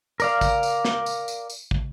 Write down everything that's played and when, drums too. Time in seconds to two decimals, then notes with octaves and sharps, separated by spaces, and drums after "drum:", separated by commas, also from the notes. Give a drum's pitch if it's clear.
0.20 A#4 D5 F5, drum: tambourine
0.41 drum: kick, tambourine
0.63 drum: tambourine
0.85 drum: snare
1.06 drum: tambourine
1.28 drum: tambourine
1.50 drum: tambourine
1.71 drum: kick